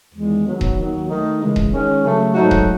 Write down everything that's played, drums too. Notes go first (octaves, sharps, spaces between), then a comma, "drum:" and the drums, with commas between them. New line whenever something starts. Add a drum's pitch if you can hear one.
E2 D#3 G#3
D#3 F#3 B3
drum: kick D#1
D#2 D#3 F#3
D#3 A3 D#4
C#3 E3 G#3
drum: kick D#1
D#3 G#3 C#4
C#3 F#3 A3
G#2 F#3 A3 D#4 F#4
drum: kick D#1